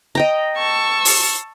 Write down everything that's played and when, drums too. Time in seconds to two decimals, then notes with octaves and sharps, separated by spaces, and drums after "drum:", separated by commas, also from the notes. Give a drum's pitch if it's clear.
0.15 D#5 G5 A#5
0.58 A5 C#6 E6
1.05 drum: open hi-hat